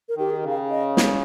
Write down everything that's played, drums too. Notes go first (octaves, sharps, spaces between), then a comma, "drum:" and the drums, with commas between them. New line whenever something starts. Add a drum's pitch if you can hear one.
A#4
D#3 G4
G#4
C#3
F5
D#5
drum: snare